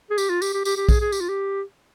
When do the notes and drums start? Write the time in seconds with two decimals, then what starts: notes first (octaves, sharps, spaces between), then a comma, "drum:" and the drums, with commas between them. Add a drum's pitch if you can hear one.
0.10 G#4
0.18 G4, drum: tambourine
0.30 F4
0.42 G4, drum: tambourine
0.54 G4
0.65 G4, drum: tambourine
0.77 G4
0.89 G#4, drum: kick, tambourine
1.01 G#4
1.12 G4, drum: tambourine
1.21 F4
1.29 G4